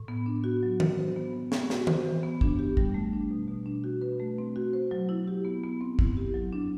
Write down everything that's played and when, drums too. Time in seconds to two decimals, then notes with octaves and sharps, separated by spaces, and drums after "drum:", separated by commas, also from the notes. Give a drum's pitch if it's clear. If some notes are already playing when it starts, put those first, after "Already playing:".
Already playing: A2
0.08 B3
0.26 D4
0.44 F#4
0.63 F#3
0.80 F#4, drum: tom
0.98 C5
1.16 B3
1.33 B3
1.52 B3, drum: snare
1.70 F#4, drum: snare
1.87 C5, drum: tom
2.05 E3
2.23 B3
2.41 D4, drum: kick
2.59 G4
2.77 G3, drum: kick
2.94 A3
3.13 D4
3.31 B2
3.48 B2
3.66 D4
3.84 F#4
4.02 B4
4.20 A3
4.38 C4
4.56 F#4
4.73 C5
4.91 F#3
5.09 E4
5.28 G4
5.45 B3
5.64 B3
5.81 C4
5.99 E4, drum: kick
6.17 G4
6.34 F#3
6.53 D4